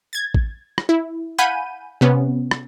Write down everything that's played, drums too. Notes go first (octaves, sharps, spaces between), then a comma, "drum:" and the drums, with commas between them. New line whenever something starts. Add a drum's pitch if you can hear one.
G#6 A6
drum: kick A1
drum: rim click
E4
F5 F#5 G#5 B5 G6 D#7
C3 B3 C#4
drum: rim click